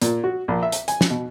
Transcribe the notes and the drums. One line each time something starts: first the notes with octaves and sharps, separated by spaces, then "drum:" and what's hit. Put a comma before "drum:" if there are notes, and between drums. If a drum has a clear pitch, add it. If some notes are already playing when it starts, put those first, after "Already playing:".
A#2, drum: hi-hat
F#4
A#1
E5
drum: hi-hat
G#5, drum: hi-hat
drum: snare
B2